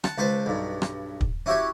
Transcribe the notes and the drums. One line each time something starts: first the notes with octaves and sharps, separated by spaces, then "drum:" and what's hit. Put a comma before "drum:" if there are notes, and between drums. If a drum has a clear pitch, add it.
F#5 A5, drum: rim click
C#2 B4 C5 A5
B1 G2
drum: rim click
drum: kick
C#4 E4 F#4 G4 C#5